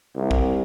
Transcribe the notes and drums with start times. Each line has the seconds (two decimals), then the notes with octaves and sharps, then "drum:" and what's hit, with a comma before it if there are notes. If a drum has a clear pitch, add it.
0.15 C2
0.31 drum: kick